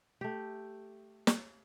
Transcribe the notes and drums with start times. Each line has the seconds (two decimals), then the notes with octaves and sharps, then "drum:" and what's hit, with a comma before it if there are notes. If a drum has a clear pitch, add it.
0.21 A3 G4
1.27 drum: snare